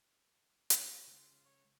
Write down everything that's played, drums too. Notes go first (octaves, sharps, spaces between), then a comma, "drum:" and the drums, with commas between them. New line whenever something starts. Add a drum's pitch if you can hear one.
F#5, drum: hi-hat
C#3 G#3 F4
C#5